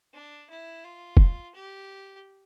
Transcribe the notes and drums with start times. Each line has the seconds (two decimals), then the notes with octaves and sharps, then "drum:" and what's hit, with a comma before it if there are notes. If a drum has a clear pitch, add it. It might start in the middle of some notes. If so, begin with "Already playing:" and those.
0.14 D4
0.49 E4
0.84 F4
1.17 drum: kick
1.54 G4